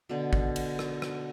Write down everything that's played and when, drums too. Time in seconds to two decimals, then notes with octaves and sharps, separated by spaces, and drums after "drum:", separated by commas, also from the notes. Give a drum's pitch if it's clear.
0.09 B2 D3
0.33 drum: kick
0.56 drum: cymbal
0.79 drum: rim click
1.02 drum: rim click